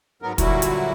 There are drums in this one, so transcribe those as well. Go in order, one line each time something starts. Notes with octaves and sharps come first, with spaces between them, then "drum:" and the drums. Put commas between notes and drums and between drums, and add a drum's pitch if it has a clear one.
G#2 F#3 B3 A#4
A#2 D3 F#3 G3 E4 F#4, drum: kick, hi-hat
drum: hi-hat